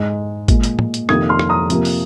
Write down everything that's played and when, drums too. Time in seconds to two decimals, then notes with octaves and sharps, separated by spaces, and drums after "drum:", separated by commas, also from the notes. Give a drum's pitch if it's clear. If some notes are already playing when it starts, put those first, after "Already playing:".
Already playing: G#2 G#3
0.48 A#2 G#3, drum: kick G#1, hi-hat
0.63 drum: hi-hat
0.79 drum: tom
0.94 drum: hi-hat
1.09 F2 C3 D#3 A#3 D#6 G#6, drum: rim click
1.29 C6 F6
1.39 drum: rim click
1.49 A#5 D#6
1.70 C3 F3 A#3, drum: hi-hat
1.85 drum: open hi-hat